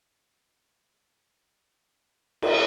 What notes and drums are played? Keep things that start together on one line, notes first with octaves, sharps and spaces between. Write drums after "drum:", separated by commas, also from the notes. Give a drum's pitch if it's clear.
C5 G5 A5
drum: cymbal